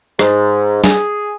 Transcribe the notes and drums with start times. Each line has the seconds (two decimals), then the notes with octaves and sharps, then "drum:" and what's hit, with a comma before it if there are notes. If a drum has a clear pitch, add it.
0.19 G#2, drum: rim click
0.84 G#4, drum: snare